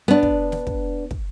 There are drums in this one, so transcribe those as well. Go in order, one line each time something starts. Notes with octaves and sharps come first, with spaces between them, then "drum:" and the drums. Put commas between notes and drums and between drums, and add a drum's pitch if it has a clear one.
B3 D4
drum: kick
drum: snare
drum: kick
drum: kick